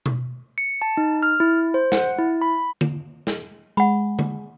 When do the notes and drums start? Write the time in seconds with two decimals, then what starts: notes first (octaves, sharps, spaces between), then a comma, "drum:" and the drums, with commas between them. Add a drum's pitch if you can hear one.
0.06 drum: tom B2
0.58 C#7
0.82 A5
0.97 D#4
1.23 F6
1.40 E4
1.74 C5
1.92 F#5, drum: snare
2.18 E4
2.41 B5
2.81 drum: tom D3
3.27 drum: snare
3.77 G#3 F#5 B5
4.19 drum: tom D3